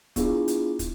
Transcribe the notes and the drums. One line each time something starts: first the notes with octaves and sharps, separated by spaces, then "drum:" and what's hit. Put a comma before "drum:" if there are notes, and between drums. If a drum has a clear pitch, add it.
B3 D4 E4 F4 G#4, drum: kick, hi-hat
drum: hi-hat
drum: kick, hi-hat